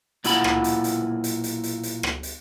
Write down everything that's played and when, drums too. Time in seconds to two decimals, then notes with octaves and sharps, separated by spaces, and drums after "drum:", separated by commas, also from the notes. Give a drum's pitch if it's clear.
0.24 B1 A#2 E4 F4 F#5 B5, drum: hi-hat
0.44 drum: rim click
0.64 drum: hi-hat
0.84 drum: hi-hat
1.24 drum: hi-hat
1.44 drum: hi-hat
1.64 drum: hi-hat
1.83 drum: hi-hat
2.03 drum: rim click
2.23 drum: hi-hat